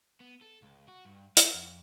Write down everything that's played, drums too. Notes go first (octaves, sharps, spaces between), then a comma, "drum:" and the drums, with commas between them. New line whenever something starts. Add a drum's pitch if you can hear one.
B3
A4
C#2
F#4
G2
F5, drum: hi-hat
F2